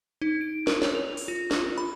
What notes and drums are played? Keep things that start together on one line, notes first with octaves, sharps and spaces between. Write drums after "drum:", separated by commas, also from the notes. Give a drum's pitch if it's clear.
D#4
D7
A#4, drum: snare
C#5, drum: snare
F7
drum: open hi-hat
F4
drum: snare
B5